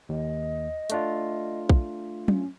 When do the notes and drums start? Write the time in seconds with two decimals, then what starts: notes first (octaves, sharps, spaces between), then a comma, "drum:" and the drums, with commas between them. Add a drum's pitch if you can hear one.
0.09 D#2 D#5
0.90 A3 D4 F4, drum: hi-hat
1.69 drum: kick A#1
2.28 C#4, drum: tom